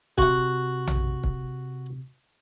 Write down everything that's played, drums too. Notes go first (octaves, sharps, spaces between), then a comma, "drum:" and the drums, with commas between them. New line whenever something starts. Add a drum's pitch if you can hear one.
C3 F#4 F#5, drum: kick
drum: tom A#1
drum: kick